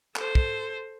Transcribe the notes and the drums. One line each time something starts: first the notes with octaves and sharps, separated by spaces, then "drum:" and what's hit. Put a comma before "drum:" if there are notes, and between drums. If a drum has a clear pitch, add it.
A4 C5, drum: clap
drum: kick